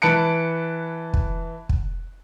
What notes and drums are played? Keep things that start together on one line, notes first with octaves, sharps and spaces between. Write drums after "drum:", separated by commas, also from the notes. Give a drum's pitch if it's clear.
E3 A5 B5 F#6 C#7 D7
drum: kick
drum: kick